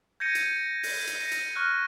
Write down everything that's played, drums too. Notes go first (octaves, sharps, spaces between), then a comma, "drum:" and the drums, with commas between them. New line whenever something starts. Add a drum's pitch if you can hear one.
G6 G#6 A#6 C#7 D#7
drum: hi-hat
drum: open hi-hat
drum: hi-hat
A#6 C#7 D#7
drum: hi-hat
C#6 F6 F#6